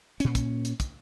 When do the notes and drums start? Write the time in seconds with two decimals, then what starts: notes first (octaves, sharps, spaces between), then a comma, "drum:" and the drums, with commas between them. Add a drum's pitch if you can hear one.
0.20 A#2 C#4, drum: hi-hat
0.35 drum: kick, hi-hat
0.65 drum: hi-hat
0.80 drum: kick, hi-hat